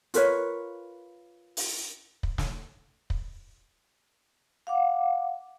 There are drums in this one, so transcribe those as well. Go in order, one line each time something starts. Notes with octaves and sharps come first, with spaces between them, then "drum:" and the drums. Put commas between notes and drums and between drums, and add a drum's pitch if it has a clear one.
F4 A#4 B4 C#5, drum: hi-hat
drum: open hi-hat
drum: kick
drum: snare
drum: kick
F5 F#5 D6